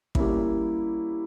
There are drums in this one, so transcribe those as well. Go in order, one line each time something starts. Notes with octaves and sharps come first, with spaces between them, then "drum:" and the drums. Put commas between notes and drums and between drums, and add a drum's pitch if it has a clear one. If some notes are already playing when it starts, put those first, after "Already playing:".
G3 A#3 C#4 E4, drum: kick